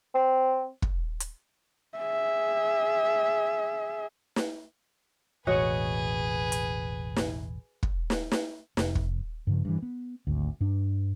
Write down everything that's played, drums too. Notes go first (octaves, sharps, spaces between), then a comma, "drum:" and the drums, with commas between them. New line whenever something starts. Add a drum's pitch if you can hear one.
C4
drum: kick
drum: hi-hat
G#4 E5
drum: snare
E1 A1 F#4 G#4 B4 C#5 D#5
drum: hi-hat
drum: snare
drum: kick
drum: snare
drum: snare
F1, drum: snare
drum: kick
G2 C#3 F3
G2 E3
B3
G#1 D2
G2 D4